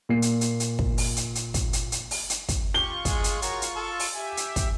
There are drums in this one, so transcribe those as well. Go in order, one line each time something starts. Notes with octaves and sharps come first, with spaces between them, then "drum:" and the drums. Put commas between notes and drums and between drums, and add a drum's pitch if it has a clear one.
A#2 C7
drum: hi-hat
drum: hi-hat
drum: hi-hat
drum: kick
drum: open hi-hat
drum: hi-hat
drum: hi-hat
drum: kick, hi-hat
drum: hi-hat
drum: hi-hat
drum: open hi-hat
drum: hi-hat
drum: kick, hi-hat
F4 G4 C#6 G7
G#3 G#4, drum: kick, hi-hat
drum: hi-hat
F#4 A#4 C#5, drum: hi-hat
drum: hi-hat
A4 A5
drum: open hi-hat
G4 E5 G#5
drum: hi-hat
drum: kick, hi-hat